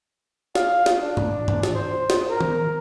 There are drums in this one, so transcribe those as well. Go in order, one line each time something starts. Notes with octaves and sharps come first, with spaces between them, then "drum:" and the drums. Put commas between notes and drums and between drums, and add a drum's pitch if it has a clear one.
F5, drum: snare
drum: snare
D4
drum: tom G2
drum: tom G2
drum: snare
C5
drum: snare
A#4
drum: tom D#3